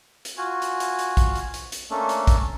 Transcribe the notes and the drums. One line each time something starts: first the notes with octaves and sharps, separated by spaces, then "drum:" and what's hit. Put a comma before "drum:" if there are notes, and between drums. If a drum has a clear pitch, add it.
drum: hi-hat
F4 F#4 G#5
drum: hi-hat
drum: hi-hat
drum: hi-hat
drum: kick, hi-hat
drum: hi-hat
drum: hi-hat
drum: hi-hat
A3 A#3 C#4 D4 A4
drum: hi-hat
drum: kick, hi-hat